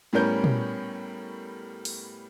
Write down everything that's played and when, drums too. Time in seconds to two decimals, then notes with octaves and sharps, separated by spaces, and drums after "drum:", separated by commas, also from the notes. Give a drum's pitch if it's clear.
0.13 A2 G3 B3 C#4 A#4 G6
0.44 drum: tom
1.85 drum: open hi-hat